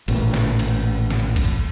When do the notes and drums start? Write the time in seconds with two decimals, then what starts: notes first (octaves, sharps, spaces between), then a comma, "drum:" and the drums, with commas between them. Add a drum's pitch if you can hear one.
0.08 A1 A#2, drum: cymbal
0.34 drum: snare
0.59 drum: cymbal
1.11 drum: snare
1.36 drum: kick G#1, cymbal